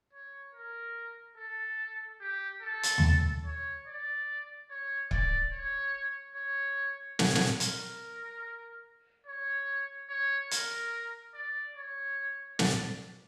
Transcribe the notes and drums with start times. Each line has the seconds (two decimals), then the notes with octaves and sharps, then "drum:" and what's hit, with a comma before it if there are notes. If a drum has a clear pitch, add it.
0.13 C#5
0.55 A#4
1.38 A4
2.21 G4
2.62 A4
2.83 drum: hi-hat
2.98 drum: tom D#2
3.45 C#5
3.88 D5
4.70 C#5
5.11 D5, drum: kick C#1
5.53 C#5
6.35 C#5
7.19 C#5, drum: snare
7.35 drum: snare
7.60 A#4, drum: hi-hat
9.26 C#5
10.09 C#5
10.51 A#4, drum: hi-hat
11.34 D5
11.76 C#5
12.59 D5, drum: snare